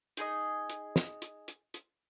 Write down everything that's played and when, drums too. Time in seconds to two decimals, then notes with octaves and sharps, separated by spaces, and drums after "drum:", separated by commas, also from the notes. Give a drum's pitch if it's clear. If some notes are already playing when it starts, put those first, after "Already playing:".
0.17 D#4 G#4 C5 D#5, drum: hi-hat
0.70 drum: hi-hat
0.96 drum: snare
1.22 drum: hi-hat
1.48 drum: hi-hat
1.74 drum: hi-hat